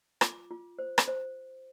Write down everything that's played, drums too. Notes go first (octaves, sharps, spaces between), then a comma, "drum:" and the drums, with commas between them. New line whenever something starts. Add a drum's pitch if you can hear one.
F4 D6, drum: rim click
F4
C5
drum: rim click
C5